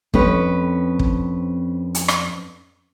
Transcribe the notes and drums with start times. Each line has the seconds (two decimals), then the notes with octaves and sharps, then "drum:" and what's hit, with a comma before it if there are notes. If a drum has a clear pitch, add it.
0.14 F2 C4 C#4 B4, drum: kick
0.99 drum: kick
1.95 drum: hi-hat
2.08 drum: rim click